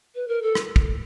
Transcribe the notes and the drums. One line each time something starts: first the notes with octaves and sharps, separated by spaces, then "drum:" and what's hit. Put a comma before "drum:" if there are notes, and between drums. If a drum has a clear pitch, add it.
B4
A#4
A4
drum: rim click
drum: kick